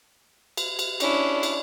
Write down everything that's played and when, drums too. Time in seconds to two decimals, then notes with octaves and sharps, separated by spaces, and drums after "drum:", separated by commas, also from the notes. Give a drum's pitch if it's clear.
0.57 drum: cymbal
0.79 drum: cymbal
1.00 C#4 D4 E4, drum: cymbal
1.43 drum: cymbal